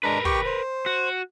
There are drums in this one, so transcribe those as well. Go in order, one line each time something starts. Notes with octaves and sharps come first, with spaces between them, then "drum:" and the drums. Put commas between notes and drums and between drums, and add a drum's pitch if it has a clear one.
G#3 D4 A#4 B4 A#5
G4 G5 C#6, drum: kick
C5
F#4